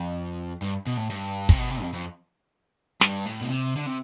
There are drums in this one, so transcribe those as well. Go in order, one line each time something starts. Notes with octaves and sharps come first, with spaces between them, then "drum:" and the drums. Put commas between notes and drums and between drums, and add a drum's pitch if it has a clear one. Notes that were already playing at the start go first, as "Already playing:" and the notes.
Already playing: F2
G2
B2
A2
G2
C3, drum: kick
B2
C3
F2
F2
G2, drum: snare
A2
B2
C3
D3
C3